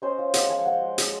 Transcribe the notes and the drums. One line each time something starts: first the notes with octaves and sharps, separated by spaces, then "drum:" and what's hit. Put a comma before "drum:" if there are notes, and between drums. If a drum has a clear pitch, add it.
C#4 C5 D#5
F4
G#3 D#5 F#5, drum: hi-hat
F3 F5 G#5
G#3 D#5 F#5
G#3
G#3, drum: hi-hat